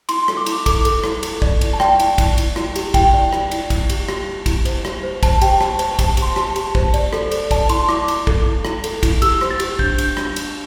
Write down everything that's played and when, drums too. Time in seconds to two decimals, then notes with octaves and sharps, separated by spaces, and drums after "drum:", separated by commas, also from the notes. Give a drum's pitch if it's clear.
0.09 E4 C6, drum: cymbal
0.28 A4, drum: rim click
0.37 D6
0.46 E4, drum: cymbal
0.66 A4 D6, drum: kick, cymbal
0.85 A4, drum: cymbal
1.04 E4, drum: rim click
1.23 A4, drum: cymbal
1.42 D5, drum: kick
1.61 E4, drum: cymbal
1.73 A5
1.80 D5 G5, drum: rim click
2.00 E4, drum: cymbal
2.18 E4, drum: kick, cymbal
2.38 E4, drum: cymbal
2.56 E4, drum: rim click
2.76 G4, drum: cymbal
2.94 E4 G5, drum: kick, cymbal
3.14 D5
3.33 E4, drum: rim click
3.51 E4, drum: cymbal
3.70 E4, drum: kick, cymbal
3.90 G4, drum: cymbal
4.09 G4, drum: rim click
4.27 E4
4.46 E4, drum: kick, cymbal
4.65 C5, drum: cymbal
4.85 G4, drum: rim click
5.03 C5
5.23 C5 A5, drum: kick, cymbal
5.34 A5
5.41 G4 G5, drum: cymbal
5.61 G4 A5, drum: rim click
5.79 C5, drum: cymbal
5.94 A5
5.99 G4, drum: kick, cymbal
6.08 A5
6.17 G4, drum: cymbal
6.22 C6
6.36 G4 A5, drum: rim click
6.56 G4, drum: cymbal
6.75 C5, drum: kick
6.94 D5, drum: cymbal
7.13 A4, drum: rim click
7.31 A4, drum: cymbal
7.51 D5 A5, drum: kick, cymbal
7.69 E4 C6, drum: cymbal
7.89 E4 D6, drum: rim click
8.08 E4, drum: cymbal
8.27 A4, drum: kick
8.46 E4
8.65 E4, drum: rim click
8.84 A4, drum: cymbal
9.03 E4, drum: kick, cymbal
9.22 G4 E6, drum: cymbal
9.41 C5, drum: rim click
9.50 A6
9.60 G4, drum: cymbal
9.79 D4 G6, drum: kick
9.98 D4, drum: cymbal
10.17 D4, drum: rim click
10.36 G4, drum: cymbal